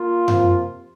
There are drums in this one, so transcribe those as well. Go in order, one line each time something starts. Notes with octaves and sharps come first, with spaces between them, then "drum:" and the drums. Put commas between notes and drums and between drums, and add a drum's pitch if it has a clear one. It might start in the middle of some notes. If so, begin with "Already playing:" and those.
Already playing: A#3 F4
C3 F3 A#3, drum: tom F#2